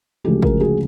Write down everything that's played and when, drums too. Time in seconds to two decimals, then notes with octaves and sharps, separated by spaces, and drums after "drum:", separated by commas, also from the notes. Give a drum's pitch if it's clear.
0.24 D2 C#3 F3 G#3 G4 A4
0.42 G#4 A#4, drum: kick
0.60 F#4 G#4